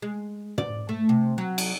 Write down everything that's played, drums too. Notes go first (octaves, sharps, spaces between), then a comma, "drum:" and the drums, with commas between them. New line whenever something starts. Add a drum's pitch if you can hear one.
G#3
D5, drum: tom
A3
C3
F#3
drum: cymbal